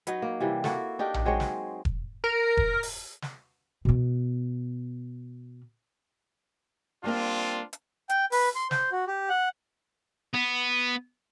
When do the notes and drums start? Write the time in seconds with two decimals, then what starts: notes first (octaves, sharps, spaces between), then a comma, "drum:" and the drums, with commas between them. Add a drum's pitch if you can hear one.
0.07 F#3 D#4 B4, drum: hi-hat
0.22 A#3
0.40 C3 E3 G3
0.64 A#3 E4 F#4 A4, drum: snare
0.99 D4 D#4 G4 A#4
1.14 drum: tom A#1
1.25 F#3 G#3 C4 C#5
1.40 drum: snare
1.85 drum: kick E1
2.24 A#4
2.57 drum: kick E1
2.83 drum: open hi-hat
3.22 drum: snare
3.85 B2 B3
7.04 G3 A#3 C4 D4 F4 F5
7.73 drum: hi-hat
8.09 G5, drum: hi-hat
8.32 B4, drum: open hi-hat
8.55 C6
8.71 C5, drum: snare
8.92 F#4
9.07 G4
9.29 F#5
10.34 B3